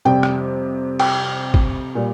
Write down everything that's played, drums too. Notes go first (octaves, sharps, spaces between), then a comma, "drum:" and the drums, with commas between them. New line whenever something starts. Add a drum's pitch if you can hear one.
F2 C3 G3 G5
drum: rim click
G5, drum: cymbal
drum: kick
A#2 G3